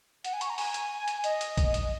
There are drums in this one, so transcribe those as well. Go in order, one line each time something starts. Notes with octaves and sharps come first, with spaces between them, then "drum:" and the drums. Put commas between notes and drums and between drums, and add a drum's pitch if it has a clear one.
F#5, drum: hi-hat
G#5
C#6, drum: hi-hat
A#5
G#5, drum: open hi-hat
drum: hi-hat
drum: hi-hat
D#5, drum: hi-hat
drum: hi-hat
drum: kick A#1, hi-hat
drum: hi-hat